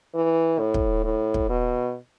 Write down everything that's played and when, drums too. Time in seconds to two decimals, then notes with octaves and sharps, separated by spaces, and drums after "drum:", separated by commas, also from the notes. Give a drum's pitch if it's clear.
0.15 E3
0.59 A2
0.74 drum: kick
1.04 A2
1.34 drum: kick
1.49 B2